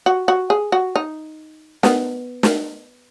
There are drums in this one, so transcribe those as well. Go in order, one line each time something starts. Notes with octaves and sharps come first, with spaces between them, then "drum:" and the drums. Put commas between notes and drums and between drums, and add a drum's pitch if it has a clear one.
F#4
F#4
G#4
F#4
D#4
B3, drum: snare
drum: snare